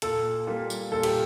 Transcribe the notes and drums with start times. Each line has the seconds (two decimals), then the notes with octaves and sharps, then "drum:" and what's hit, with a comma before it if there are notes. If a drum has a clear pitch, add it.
0.02 A#2 A4, drum: hi-hat
0.47 G3 A#3 F4
0.70 drum: tambourine
0.91 A#2 A4
1.03 G4, drum: cymbal